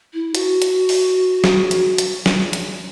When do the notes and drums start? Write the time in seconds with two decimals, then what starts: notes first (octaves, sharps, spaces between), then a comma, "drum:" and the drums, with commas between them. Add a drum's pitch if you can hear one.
0.14 E4
0.35 F#4, drum: hi-hat
0.62 drum: hi-hat
0.89 drum: open hi-hat
1.44 drum: snare
1.71 drum: hi-hat
1.98 drum: hi-hat
2.26 drum: snare
2.53 drum: hi-hat